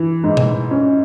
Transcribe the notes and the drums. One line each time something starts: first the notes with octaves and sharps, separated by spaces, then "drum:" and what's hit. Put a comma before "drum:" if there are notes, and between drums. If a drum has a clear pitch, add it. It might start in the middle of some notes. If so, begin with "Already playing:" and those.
Already playing: E3
G#2
drum: tom B2
C#4